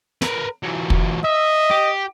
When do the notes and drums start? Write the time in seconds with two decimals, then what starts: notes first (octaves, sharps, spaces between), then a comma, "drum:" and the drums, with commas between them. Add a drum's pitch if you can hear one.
0.22 A#4 B4, drum: snare
0.63 E3 F#3
0.90 drum: kick
1.24 D#5 E5
1.70 G4